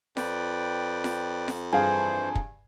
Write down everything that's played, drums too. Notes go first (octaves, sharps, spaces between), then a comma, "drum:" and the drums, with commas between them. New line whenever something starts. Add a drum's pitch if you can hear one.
F2 B4 D5 G5, drum: snare F4
drum: snare F4
drum: snare F4
G2 E3 G#4 C5 F5 G#5
drum: kick